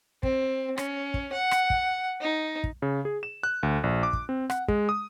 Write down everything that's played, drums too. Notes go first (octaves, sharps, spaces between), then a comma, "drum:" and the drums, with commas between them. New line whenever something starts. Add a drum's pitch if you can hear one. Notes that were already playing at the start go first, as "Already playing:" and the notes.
C4, drum: kick
C#4, drum: rim click
drum: kick
F#5
drum: rim click
drum: kick
D#4
drum: kick
C#3
G#4
E7
F#6
D2
A#1
D6
drum: kick
C4
F#5, drum: rim click
G#3, drum: kick
D#6